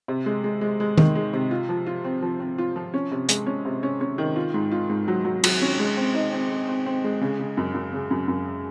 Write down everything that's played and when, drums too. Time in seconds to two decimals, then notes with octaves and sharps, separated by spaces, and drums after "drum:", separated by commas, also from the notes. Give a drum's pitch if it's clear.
0.08 C3
0.26 G#3
0.44 G#3
0.61 G#3
0.80 G#3
0.98 D#3, drum: tom D#3
1.15 G#3
1.33 C3
1.51 F4
1.69 F3
1.86 F4
2.04 C4
2.22 F3
2.40 C4
2.58 F4
2.76 F3
2.94 C#4
3.11 C3
3.29 G#3, drum: hi-hat
3.46 C#4
3.65 C3
3.83 C#4
4.01 C#4
4.18 D#3
4.36 F4
4.54 G#2
4.71 F4
4.90 G#2
5.08 F#3
5.25 F#3
5.44 F#3, drum: cymbal
5.62 C#4
5.79 G#3
5.97 C4
6.14 D#4
6.32 C4
6.50 C4
6.68 C4
6.86 C4
7.04 G#3
7.21 C#3
7.39 C#3
7.57 F#2
7.74 F#2
7.93 C#3
8.11 F#2
8.28 F#2